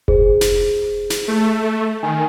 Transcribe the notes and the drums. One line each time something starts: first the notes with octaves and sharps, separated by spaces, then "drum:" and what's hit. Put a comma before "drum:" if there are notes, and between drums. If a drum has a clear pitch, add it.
G#4 C5, drum: kick F1
drum: snare
drum: snare
A3
D#3 G#5